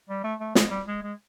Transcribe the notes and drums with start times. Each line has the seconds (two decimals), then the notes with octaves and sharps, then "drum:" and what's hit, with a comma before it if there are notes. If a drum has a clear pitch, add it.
0.09 G3
0.24 A3
0.40 A3
0.55 G#3, drum: snare
0.70 G3
0.87 G#3
1.02 G#3